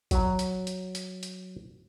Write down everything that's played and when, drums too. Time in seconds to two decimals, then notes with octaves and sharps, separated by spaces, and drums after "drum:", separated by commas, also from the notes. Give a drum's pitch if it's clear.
0.11 F#3 A#5, drum: kick, hi-hat
0.39 drum: hi-hat
0.67 drum: hi-hat
0.95 drum: hi-hat
1.23 drum: hi-hat